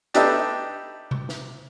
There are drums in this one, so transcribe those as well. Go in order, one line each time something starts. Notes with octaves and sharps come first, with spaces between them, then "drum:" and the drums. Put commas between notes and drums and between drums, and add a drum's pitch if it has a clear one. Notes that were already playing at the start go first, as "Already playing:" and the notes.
D4 D#4 G4 A4 B4 E5, drum: hi-hat
drum: tom C3
drum: snare